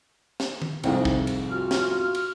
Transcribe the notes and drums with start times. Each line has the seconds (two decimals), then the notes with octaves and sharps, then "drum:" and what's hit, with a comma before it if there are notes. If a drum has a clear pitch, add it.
0.40 drum: snare
0.62 drum: tom D#3
0.83 C2 F2 G#2, drum: cymbal
1.05 drum: kick
1.27 drum: cymbal
1.51 F4 F#4 F6
1.71 drum: snare
2.15 drum: cymbal